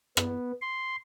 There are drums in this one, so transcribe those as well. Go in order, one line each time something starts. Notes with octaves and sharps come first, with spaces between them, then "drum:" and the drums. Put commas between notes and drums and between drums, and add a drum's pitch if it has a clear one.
B3, drum: rim click
C6